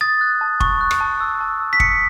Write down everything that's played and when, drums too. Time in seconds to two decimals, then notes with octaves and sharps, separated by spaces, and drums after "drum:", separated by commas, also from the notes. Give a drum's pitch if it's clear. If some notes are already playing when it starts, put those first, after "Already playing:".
0.01 D#6 A6
0.21 F#6
0.41 A5
0.60 C#6, drum: kick
0.81 F#6
0.91 drum: rim click
1.01 A5
1.21 E6
1.41 A5
1.60 E6
1.73 B6
1.80 D#6 C#7, drum: kick